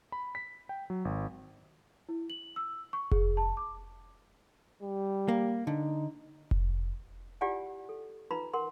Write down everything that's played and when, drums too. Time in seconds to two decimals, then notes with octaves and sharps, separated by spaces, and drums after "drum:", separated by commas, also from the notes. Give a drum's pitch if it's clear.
0.12 B5
0.35 B6
0.69 G5
0.90 F#3
1.05 G#1
2.09 E4
2.30 F#7
2.56 E6
2.93 C#6
3.11 G#4, drum: kick F1
3.37 A5
3.57 D6
4.83 G3
5.28 A#3
5.67 D3 D#4
6.51 drum: kick F1
7.41 E4 F4 G4 D5 F#5 G#5
7.89 A4
8.31 D#4 F4 B4 A#5 B5
8.53 A#4 F#5 C6